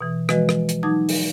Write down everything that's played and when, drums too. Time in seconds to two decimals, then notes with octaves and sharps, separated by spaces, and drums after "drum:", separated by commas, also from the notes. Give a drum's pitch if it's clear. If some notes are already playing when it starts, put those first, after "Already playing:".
0.01 B2 E3
0.29 E3 F3 G#3 F#4 B4 D#5, drum: rim click
0.49 drum: rim click
0.69 drum: hi-hat
0.83 F#3 D#4 A5 D6 D#6 G#6
1.09 drum: open hi-hat